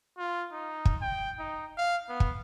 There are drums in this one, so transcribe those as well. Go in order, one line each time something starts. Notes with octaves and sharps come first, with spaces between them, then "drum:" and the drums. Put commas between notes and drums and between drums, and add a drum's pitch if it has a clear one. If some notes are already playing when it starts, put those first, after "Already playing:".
F4
D#4
drum: kick
G5
D#4
F5
B3
drum: kick